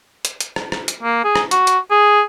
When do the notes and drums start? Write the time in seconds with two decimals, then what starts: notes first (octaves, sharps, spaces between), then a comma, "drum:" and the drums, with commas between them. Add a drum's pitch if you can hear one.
0.25 drum: hi-hat
0.40 drum: hi-hat
0.56 drum: rim click
0.72 drum: rim click
0.88 drum: hi-hat
1.03 A#3
1.24 G#4
1.35 drum: rim click
1.51 F#4, drum: hi-hat
1.67 drum: hi-hat
1.91 G#4